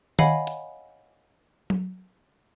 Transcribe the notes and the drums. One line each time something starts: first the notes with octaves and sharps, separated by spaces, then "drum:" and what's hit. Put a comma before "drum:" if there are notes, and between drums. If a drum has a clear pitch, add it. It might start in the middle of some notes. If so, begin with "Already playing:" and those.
C#5 D#5 F5 F#5 G#5 B5, drum: tom D#3
drum: hi-hat
drum: tom F#3